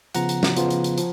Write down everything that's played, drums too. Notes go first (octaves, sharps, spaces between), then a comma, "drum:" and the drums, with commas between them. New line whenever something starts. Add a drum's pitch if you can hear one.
C#3 F3 B3 F4 F#5 A#5, drum: hi-hat
drum: hi-hat
drum: snare
C#3 F3 B3 F4, drum: hi-hat
drum: hi-hat
drum: hi-hat
F3, drum: hi-hat